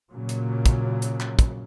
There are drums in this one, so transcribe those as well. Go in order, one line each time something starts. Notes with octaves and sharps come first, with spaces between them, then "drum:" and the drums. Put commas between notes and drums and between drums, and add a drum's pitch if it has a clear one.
A#2 C#3 F#3
drum: hi-hat
drum: kick, hi-hat
drum: hi-hat
drum: clap
drum: kick, hi-hat